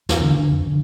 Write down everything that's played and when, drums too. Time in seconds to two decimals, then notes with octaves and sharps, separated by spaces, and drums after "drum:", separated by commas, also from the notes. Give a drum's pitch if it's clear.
0.09 E2, drum: snare
0.22 D3
0.39 D3
0.51 F2
0.67 D3